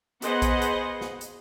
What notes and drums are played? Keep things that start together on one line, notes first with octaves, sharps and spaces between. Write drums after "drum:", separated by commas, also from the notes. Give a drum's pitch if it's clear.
B3 G#4 B4 C5 D#5 F#5, drum: hi-hat
drum: kick A#1, hi-hat
drum: hi-hat
drum: snare
drum: hi-hat